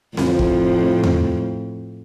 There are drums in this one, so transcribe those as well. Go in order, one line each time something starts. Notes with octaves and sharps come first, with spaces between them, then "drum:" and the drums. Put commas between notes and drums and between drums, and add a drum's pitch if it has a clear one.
F2 A2, drum: snare C4
drum: kick
drum: tom E2